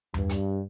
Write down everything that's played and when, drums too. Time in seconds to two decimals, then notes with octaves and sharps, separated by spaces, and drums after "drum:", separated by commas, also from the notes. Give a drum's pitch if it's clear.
0.14 G2, drum: tom E2
0.29 drum: hi-hat